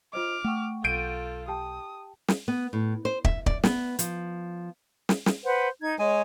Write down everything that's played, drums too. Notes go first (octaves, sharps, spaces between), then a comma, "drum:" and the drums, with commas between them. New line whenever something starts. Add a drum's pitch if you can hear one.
F4 C5 D#5 D6 F6
A3 F#5 G5 C#6
B1 F4 A4 G6 D7 D#7
G4 G5 A5 D#6
drum: snare
B3
A2
C5
E5, drum: kick
D5, drum: kick
B3, drum: snare
F3, drum: hi-hat
drum: snare
drum: snare
B4 C5 F#5
D#4 G#6
G#3 C#5 G#5